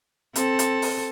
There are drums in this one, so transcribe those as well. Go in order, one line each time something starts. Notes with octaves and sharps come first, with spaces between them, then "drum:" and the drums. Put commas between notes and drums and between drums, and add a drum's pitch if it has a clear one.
C4 A4, drum: hi-hat
drum: hi-hat
drum: open hi-hat